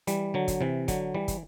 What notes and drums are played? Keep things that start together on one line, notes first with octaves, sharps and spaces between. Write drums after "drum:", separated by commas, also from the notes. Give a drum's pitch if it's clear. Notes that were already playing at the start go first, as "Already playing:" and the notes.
E3 G3, drum: hi-hat
D3 F#3
drum: kick, hi-hat
C3 E3
D3 F#3, drum: kick, hi-hat
E3 G3
drum: kick, hi-hat